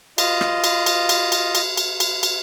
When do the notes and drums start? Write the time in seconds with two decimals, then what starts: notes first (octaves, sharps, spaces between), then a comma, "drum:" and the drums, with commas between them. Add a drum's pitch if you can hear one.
0.18 F4 D#5, drum: cymbal
0.41 drum: rim click
0.64 drum: cymbal
0.86 drum: cymbal
1.09 drum: cymbal
1.32 drum: cymbal
1.55 drum: cymbal
1.77 drum: cymbal
2.00 drum: cymbal
2.23 drum: cymbal